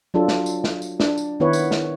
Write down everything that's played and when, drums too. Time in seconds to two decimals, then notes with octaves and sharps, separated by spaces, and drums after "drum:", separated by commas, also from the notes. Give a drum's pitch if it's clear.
0.14 F#3 D4 F4 A4
0.28 drum: snare
0.46 drum: tambourine
0.64 drum: snare
0.82 drum: tambourine
1.00 D4, drum: snare
1.18 drum: tambourine
1.40 D#3 B3 E4 B4 C#5
1.53 drum: tambourine
1.71 drum: snare